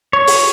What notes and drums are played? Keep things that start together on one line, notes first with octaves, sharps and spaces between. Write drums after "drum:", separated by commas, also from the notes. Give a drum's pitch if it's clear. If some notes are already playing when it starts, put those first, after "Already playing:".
C#5
drum: open hi-hat